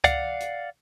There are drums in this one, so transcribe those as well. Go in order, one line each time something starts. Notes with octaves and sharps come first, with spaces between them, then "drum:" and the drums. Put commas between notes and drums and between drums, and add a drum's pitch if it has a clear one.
D5 F5 F#5, drum: kick C#2, hi-hat
drum: hi-hat